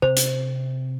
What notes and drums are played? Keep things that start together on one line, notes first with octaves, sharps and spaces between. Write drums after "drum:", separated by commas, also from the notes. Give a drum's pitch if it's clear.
C3 C4 C5
drum: hi-hat